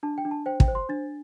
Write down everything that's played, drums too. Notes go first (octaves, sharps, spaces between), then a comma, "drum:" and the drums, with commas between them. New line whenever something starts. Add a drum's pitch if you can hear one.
D4 A5
G5
D4
A5
C5 G5
G5, drum: kick
C5
C6
D4 A6